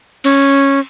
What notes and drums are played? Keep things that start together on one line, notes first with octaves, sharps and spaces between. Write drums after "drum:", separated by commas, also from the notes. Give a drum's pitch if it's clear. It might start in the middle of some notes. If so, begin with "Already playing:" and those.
C#4, drum: cymbal